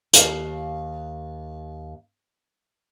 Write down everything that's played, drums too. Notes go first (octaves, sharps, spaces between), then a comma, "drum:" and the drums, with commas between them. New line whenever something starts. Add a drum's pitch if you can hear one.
D#2 F5, drum: hi-hat